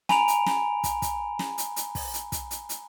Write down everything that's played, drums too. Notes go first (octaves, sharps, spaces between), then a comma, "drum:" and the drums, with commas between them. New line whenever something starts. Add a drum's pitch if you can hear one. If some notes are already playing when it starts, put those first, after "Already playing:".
G#5 A#5 B5 D7 F7, drum: snare
drum: hi-hat
drum: snare
drum: kick, hi-hat
drum: kick, hi-hat
drum: snare
drum: hi-hat
drum: hi-hat
drum: kick, open hi-hat
drum: hi-hat
drum: kick, hi-hat
drum: hi-hat
drum: hi-hat